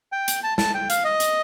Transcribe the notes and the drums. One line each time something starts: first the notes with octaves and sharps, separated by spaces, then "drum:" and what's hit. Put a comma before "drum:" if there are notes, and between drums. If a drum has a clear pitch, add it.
G5
drum: hi-hat
A5
A5, drum: snare
G5
F5, drum: hi-hat
D#5
drum: hi-hat